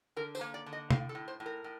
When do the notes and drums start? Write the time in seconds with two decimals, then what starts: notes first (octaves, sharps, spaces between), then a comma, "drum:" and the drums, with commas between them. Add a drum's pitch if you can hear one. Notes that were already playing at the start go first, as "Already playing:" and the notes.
0.16 D3 A#4
0.35 C5, drum: tambourine
0.41 A#3
0.54 D5
0.66 D3
0.73 D#5
0.91 A2 F5, drum: tom
1.09 A4
1.15 A2
1.28 C5
1.40 A2
1.46 A#4
1.64 A2